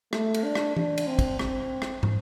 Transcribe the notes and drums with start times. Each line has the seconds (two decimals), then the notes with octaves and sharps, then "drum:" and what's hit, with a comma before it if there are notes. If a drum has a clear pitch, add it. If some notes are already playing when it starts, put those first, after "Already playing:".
0.13 A3, drum: rim click
0.34 drum: cymbal
0.44 D4
0.55 drum: rim click
0.76 D4, drum: tom E3
0.98 drum: cymbal
1.07 C4
1.19 drum: kick, cymbal
1.39 C4, drum: rim click
1.82 drum: rim click
2.03 drum: tom